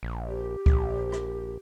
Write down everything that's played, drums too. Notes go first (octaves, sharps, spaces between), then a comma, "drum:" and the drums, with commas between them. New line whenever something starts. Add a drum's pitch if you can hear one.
A#1
G4
A#1, drum: kick C#2
drum: rim click